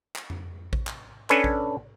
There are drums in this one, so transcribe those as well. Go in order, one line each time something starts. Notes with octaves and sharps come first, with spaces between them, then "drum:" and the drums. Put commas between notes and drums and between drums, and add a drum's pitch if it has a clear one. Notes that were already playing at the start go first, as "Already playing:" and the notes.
drum: clap
drum: tom F2
drum: kick A1
drum: clap
C#4 D4 A4 B4 G#5, drum: clap
drum: kick A1